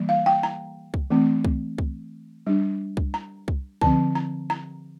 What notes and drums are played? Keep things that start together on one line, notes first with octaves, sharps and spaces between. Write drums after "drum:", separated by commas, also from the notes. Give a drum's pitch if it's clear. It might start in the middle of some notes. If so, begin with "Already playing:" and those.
Already playing: E3 G3 A#3
F5
G5
A#5
drum: kick C2
E3 A3 C4
drum: kick C2
drum: kick C2
G3 D4
drum: kick C2
A#5
drum: kick C2
D3 F3 C4 A5, drum: kick C2
A#5
A#5